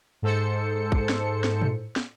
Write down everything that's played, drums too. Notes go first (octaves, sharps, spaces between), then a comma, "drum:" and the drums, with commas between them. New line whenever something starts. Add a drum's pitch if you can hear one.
G#2 A4 C5 C#7
drum: kick
drum: snare
drum: snare
drum: tom
drum: snare